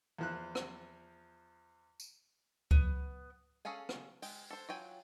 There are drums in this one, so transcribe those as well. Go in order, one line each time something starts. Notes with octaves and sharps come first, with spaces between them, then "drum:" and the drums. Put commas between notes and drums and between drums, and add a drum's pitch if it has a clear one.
E2 F3 F#6
drum: rim click
drum: tambourine
B3, drum: kick C#2
C#4 G#4 A4 F5 G#5
drum: rim click
G#3 G5, drum: open hi-hat
A4 C5
F#3 F4 G5 G#5